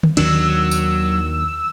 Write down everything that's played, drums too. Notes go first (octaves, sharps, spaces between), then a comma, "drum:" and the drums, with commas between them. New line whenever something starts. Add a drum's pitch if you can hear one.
drum: tom D3
D#2 D#3 F#3 D4 E6, drum: cymbal
drum: tambourine